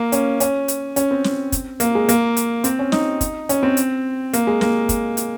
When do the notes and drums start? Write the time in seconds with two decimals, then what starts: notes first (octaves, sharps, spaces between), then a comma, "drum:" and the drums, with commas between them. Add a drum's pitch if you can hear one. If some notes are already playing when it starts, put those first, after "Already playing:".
Already playing: A#3
0.12 C#4, drum: hi-hat
0.40 C#4, drum: hi-hat
0.68 drum: hi-hat
0.96 C#4, drum: hi-hat
1.11 C4
1.24 drum: snare
1.52 drum: kick, hi-hat
1.80 A#3, drum: hi-hat
1.95 G#3
2.09 A#3, drum: hi-hat
2.37 drum: hi-hat
2.64 C4, drum: hi-hat
2.79 C#4
2.92 D#4, drum: snare
3.21 drum: kick, hi-hat
3.49 C#4, drum: hi-hat
3.63 C4
3.77 drum: hi-hat
4.33 A#3, drum: hi-hat
4.47 G#3
4.61 A#3, drum: snare
4.89 drum: kick, hi-hat
5.17 drum: hi-hat